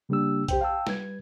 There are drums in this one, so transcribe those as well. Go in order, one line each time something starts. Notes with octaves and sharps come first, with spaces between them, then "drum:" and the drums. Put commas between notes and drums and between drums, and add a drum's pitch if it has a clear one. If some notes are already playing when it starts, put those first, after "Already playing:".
C#3 G3 A#3 D4 G4 E6
G4 C5 G5, drum: kick B1, hi-hat
F5 G5 A5 E6
G3 B4 G#6, drum: snare